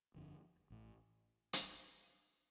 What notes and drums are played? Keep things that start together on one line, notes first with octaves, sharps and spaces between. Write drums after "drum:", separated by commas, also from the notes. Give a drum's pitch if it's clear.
G1 F2 D3
A1 A2
drum: hi-hat